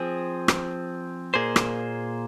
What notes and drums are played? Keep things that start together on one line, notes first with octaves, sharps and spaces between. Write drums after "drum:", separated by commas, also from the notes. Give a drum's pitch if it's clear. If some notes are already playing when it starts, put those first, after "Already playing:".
Already playing: F3 C4 G#4
drum: rim click
A#2 A#3 G#4 C5
drum: rim click